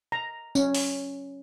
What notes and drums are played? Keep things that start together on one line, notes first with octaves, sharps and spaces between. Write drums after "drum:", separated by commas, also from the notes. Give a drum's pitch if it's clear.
A#5
C#4, drum: tambourine
drum: open hi-hat